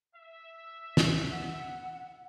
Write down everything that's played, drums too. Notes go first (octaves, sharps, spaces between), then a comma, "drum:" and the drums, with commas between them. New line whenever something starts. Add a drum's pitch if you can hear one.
E5
drum: snare
F#5